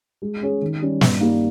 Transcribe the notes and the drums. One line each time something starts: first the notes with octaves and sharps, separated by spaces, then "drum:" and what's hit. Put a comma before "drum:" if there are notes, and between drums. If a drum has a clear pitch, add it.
G#3
C#4 G#4 C#5
D#3
G3 C#4
G2, drum: snare
G3 A#3 D#4